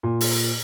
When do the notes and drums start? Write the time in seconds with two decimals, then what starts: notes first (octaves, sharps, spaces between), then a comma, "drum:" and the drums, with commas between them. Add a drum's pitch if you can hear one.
0.03 A#2
0.21 drum: open hi-hat